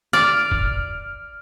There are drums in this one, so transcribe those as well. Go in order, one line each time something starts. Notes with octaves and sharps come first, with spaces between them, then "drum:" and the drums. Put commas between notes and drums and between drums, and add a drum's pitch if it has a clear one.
D5 F6, drum: snare
drum: kick